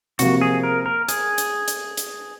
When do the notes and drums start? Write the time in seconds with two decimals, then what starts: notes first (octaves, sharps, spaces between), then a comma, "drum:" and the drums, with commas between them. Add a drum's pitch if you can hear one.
0.19 C3 F3 A#3 F#4, drum: hi-hat
0.41 G#4
0.63 A#4
0.86 A#4
1.09 G#4, drum: hi-hat
1.38 drum: hi-hat
1.68 drum: hi-hat
1.97 drum: hi-hat